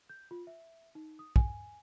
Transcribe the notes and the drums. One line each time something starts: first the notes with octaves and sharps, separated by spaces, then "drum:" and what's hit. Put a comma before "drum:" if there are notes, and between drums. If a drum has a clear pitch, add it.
G6
F4
E5
D#4
D#6
G#5, drum: kick